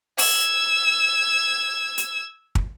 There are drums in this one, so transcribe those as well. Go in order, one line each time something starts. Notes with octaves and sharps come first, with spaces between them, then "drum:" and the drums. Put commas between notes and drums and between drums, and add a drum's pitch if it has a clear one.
E6 G#6, drum: open hi-hat
drum: hi-hat
drum: kick